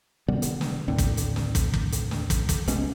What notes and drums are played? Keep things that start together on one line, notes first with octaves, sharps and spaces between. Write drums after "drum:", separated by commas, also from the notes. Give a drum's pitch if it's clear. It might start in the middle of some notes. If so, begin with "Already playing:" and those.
C3 D#3 G3 B3
drum: hi-hat
drum: snare
D#2 A2 D3 C4
drum: kick, hi-hat
drum: hi-hat
drum: snare
drum: kick, hi-hat
drum: kick
drum: hi-hat
drum: snare
drum: kick, hi-hat
drum: kick, hi-hat
C2 B2 G#3 C#4, drum: hi-hat